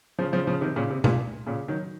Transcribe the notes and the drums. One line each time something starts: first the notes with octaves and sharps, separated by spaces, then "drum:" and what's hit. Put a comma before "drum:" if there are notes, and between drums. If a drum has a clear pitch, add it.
C#3 F3
C#3 F3
C#3 F3
C3 D#3
A#2 C#3
C3
A#2, drum: tom B2
A#2 C#3
D#3 F#3